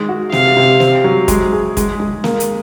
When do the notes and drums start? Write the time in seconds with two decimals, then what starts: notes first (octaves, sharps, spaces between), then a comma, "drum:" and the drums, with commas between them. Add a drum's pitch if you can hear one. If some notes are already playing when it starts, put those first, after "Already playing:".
Already playing: D#3 G#3
0.09 F#4
0.32 C3 F5, drum: snare
0.57 C3
0.80 C4, drum: snare
1.04 F#3
1.28 G#3, drum: kick, hi-hat
1.53 G#4
1.77 G#3, drum: kick, hi-hat
2.00 G#3
2.24 A#3, drum: snare
2.40 drum: hi-hat